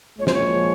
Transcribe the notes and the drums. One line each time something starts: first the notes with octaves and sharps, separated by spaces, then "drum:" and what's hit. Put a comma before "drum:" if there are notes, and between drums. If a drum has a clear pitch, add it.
A#1 A#2 F3 G#3 C#5
C5, drum: snare
C#5